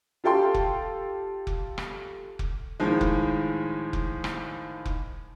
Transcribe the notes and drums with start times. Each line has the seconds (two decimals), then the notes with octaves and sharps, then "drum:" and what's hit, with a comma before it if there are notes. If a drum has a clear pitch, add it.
0.24 F4 G4 A4 G5 C6
0.54 drum: kick F1
1.47 drum: kick F1
1.78 drum: rim click
2.39 drum: kick F1
2.80 A2 D#3 F3 G#3
3.01 drum: kick F1
3.93 drum: kick F1
4.24 drum: rim click
4.85 drum: kick F1